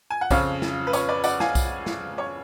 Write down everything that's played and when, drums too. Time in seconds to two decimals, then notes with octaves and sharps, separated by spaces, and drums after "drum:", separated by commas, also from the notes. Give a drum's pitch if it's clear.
0.10 G#5
0.21 F#5
0.31 F2 C#3 F3 C#5 F5, drum: kick B1, tambourine
0.62 drum: snare
0.87 B4
0.93 C#5, drum: tambourine
1.09 B4 D5
1.24 D5 F#5, drum: tambourine
1.40 F5 G#5, drum: snare
1.55 drum: kick B1, tambourine
1.86 drum: snare
2.18 C#5